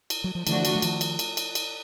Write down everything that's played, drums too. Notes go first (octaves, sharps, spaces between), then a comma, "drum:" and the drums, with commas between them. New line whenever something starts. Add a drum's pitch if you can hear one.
drum: cymbal
F#3
F3
D3 E3 F3 A3 D4 F#4, drum: cymbal
drum: cymbal
F#3
D#3 F3, drum: cymbal
drum: cymbal
drum: cymbal
drum: cymbal
drum: cymbal